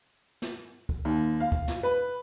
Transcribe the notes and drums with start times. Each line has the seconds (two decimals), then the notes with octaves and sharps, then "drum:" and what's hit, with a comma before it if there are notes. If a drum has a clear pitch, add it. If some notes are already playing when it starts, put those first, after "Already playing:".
0.42 drum: snare
0.89 drum: kick
1.05 D#2
1.40 F5
1.52 drum: kick
1.68 drum: snare
1.83 B4